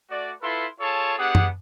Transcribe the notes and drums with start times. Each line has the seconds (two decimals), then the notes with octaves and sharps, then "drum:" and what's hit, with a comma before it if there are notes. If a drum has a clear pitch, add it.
0.11 A3 F#4 D5
0.42 E4 F4 A4 B4 C6
0.81 F4 G#4 A4 C#5 A5
1.18 B3 D4 G4 G#4 F#5
1.35 drum: tom F#2